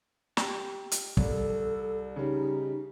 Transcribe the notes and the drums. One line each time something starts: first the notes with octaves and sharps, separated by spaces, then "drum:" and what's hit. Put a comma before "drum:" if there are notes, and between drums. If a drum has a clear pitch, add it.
G4, drum: snare
drum: hi-hat
C2 A4, drum: kick
C#3 G3 D#4